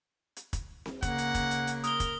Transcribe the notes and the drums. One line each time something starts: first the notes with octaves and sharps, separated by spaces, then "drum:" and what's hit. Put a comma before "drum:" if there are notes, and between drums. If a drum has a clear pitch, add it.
drum: hi-hat
drum: kick, hi-hat
drum: snare C4
C#3 A#3 F#5, drum: kick, hi-hat
drum: hi-hat
drum: kick, hi-hat
drum: hi-hat
drum: hi-hat
A#4 D#6 G7, drum: hi-hat
drum: kick, hi-hat